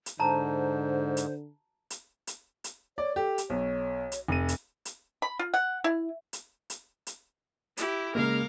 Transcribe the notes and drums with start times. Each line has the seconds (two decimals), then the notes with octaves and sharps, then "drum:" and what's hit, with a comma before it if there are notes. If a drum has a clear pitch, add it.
0.06 drum: hi-hat
0.20 G#2 D3 C5 A5 A#5
1.17 drum: hi-hat
1.90 drum: hi-hat
2.27 drum: hi-hat
2.64 drum: hi-hat
2.98 C#5 D5
3.16 G4 A4
3.38 drum: hi-hat
3.50 B1 C#5
4.12 drum: hi-hat
4.28 F1 D#7
4.48 drum: hi-hat
4.85 drum: hi-hat
5.22 B5
5.39 F4
5.54 F#5
5.84 E4
6.33 drum: hi-hat
6.70 drum: hi-hat
7.07 drum: hi-hat
7.77 E4 G4, drum: hi-hat
8.15 C#3 G#3 A#3 A#4 F5